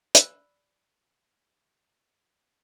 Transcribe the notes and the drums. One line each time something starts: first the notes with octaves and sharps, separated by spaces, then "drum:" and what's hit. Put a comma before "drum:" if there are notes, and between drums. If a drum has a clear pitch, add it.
D5 B5 E6 F#6, drum: hi-hat